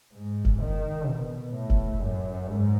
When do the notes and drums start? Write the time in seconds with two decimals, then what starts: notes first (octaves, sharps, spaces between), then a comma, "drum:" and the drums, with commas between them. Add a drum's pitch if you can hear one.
0.14 G#2
0.45 drum: kick
0.61 D#3
1.07 B2
1.54 A2
1.70 drum: kick
2.01 F#2
2.48 G#2